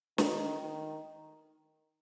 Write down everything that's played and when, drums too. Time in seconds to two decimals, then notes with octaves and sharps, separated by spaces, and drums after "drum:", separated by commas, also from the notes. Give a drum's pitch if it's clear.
0.18 D#3, drum: snare
0.61 D#3